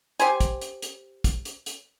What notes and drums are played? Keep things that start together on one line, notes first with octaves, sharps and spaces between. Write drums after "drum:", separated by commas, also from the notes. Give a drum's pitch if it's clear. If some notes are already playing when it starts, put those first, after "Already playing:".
G4 C5 G#5, drum: hi-hat
drum: kick, hi-hat
drum: hi-hat
drum: hi-hat
drum: kick, hi-hat
drum: hi-hat
drum: hi-hat